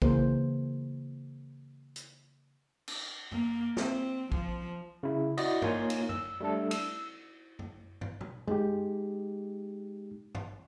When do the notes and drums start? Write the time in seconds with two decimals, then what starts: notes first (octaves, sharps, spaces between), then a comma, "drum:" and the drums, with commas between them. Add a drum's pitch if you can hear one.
0.02 C#3 E3 A#3 G#4 A#4 C5, drum: kick
1.96 drum: hi-hat
2.88 drum: cymbal
3.32 A#3, drum: tom F#2
3.77 C4, drum: snare
4.32 F3, drum: kick
5.03 C#3 E4
5.38 E4 F#4 D5 D#5, drum: cymbal
5.62 A#3 D#4 F4 C#5 G#5, drum: tom
5.90 drum: cymbal
6.09 E6, drum: tom F#2
6.40 G3 A3 D4 A4
6.71 E6, drum: cymbal
7.59 drum: tom F#2
8.01 drum: tom
8.21 drum: tom
8.48 G#3 D#4 G4, drum: tom F#2
10.35 drum: tom